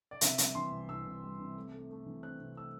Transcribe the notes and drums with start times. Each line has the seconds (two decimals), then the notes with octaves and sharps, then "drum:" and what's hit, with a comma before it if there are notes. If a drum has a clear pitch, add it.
0.11 D5
0.21 C3 E5, drum: hi-hat
0.38 G3, drum: hi-hat
0.55 E3 C6
0.71 C2
0.88 C2 E6
1.06 C2
1.23 G3
1.40 C3
1.56 A3
1.73 A3
1.90 A3
2.06 E3
2.23 C4 F#6
2.40 C3
2.56 A3 E6